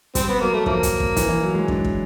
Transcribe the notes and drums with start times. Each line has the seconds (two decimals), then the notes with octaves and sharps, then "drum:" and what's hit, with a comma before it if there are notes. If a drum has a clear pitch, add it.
0.15 G3 C4, drum: kick, hi-hat
0.29 B3
0.41 F#3 A#3
0.53 A3
0.66 F3 A#3, drum: kick
0.83 drum: kick, hi-hat
1.00 drum: kick
1.17 E3, drum: kick, hi-hat
1.29 E3
1.43 F#3
1.54 G#3
1.68 D4, drum: kick
1.85 drum: kick